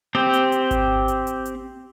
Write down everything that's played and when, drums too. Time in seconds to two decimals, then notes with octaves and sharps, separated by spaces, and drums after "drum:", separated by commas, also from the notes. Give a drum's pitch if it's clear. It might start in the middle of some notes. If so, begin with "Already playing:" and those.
0.15 C4 G4
0.33 drum: hi-hat
0.52 drum: hi-hat
0.71 drum: kick G#1, hi-hat
1.08 drum: hi-hat
1.27 drum: hi-hat
1.45 drum: hi-hat